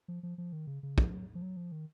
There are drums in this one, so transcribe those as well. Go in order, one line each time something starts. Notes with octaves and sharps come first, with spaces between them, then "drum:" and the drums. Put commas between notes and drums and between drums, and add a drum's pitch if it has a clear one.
F3
F3
F3
D#3
C#3
C#3
F3, drum: kick
F#3
F3
F#3
F3
D#3